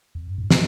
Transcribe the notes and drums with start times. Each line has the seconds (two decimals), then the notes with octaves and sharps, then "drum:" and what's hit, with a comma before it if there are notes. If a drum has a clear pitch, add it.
0.15 F2
0.27 G2
0.38 A2
0.50 A#2, drum: snare